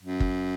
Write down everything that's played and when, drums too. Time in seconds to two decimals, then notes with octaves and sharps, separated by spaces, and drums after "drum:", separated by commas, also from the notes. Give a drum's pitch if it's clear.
0.03 F#2
0.20 drum: kick